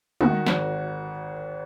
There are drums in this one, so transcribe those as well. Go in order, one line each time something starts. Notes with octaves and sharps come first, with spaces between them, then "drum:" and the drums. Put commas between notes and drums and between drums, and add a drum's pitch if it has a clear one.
D#3 F#4, drum: tom
G#1, drum: snare